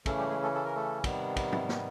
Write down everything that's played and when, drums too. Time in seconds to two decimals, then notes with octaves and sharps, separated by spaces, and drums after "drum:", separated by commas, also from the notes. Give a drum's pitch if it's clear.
0.06 C#3 E3 A3 C#4 A4, drum: kick, cymbal
0.19 G3 G4
0.30 G#3 G#4
0.43 A3 A4
0.55 A4
0.65 A#4
0.75 A3 A4
1.04 C3 D#3 G3 B3, drum: kick, cymbal
1.36 drum: kick, cymbal
1.52 E4, drum: tom
1.69 drum: snare